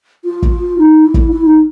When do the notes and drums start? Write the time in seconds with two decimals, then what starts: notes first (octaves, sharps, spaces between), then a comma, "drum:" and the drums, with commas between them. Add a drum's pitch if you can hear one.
0.24 F4
0.42 drum: kick
0.78 D#4
1.05 E4
1.14 drum: kick
1.32 E4
1.45 D#4